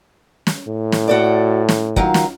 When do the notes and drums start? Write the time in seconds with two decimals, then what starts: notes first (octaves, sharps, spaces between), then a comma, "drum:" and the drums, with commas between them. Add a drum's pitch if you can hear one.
0.47 drum: snare
0.69 A2
0.92 drum: snare
1.08 F#4 A4 D5
1.69 drum: snare
1.96 D#3 F#3 F4, drum: kick
2.14 drum: snare